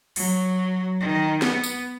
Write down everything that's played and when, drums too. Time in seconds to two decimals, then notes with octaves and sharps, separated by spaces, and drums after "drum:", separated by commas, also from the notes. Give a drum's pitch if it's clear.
0.16 F#3, drum: open hi-hat
1.00 D#3
1.42 B3, drum: snare
1.63 drum: tambourine